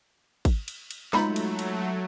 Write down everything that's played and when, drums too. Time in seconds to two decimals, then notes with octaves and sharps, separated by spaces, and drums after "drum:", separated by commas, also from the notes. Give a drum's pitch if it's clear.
0.45 drum: kick, cymbal
0.68 drum: cymbal
0.91 drum: cymbal
1.13 F#3 G#3 A3 D#4 F4 A#5 B5, drum: snare
1.36 drum: cymbal
1.59 drum: cymbal